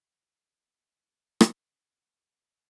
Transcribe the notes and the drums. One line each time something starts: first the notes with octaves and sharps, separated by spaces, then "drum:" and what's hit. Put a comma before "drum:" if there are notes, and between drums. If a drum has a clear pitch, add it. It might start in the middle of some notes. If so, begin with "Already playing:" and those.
F#2
D2
drum: rim click
C#4
G2